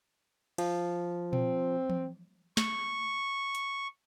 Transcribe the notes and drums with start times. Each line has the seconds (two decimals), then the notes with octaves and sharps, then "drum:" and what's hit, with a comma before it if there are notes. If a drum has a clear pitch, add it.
0.58 F3, drum: cymbal
1.33 C4, drum: tom A#2
1.90 drum: tom E3
2.57 C#6, drum: snare
3.55 drum: hi-hat